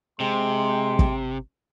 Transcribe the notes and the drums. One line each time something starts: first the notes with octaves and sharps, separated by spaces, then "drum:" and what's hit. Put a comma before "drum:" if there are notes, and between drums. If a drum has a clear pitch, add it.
C3 G#3 G5 C6
drum: kick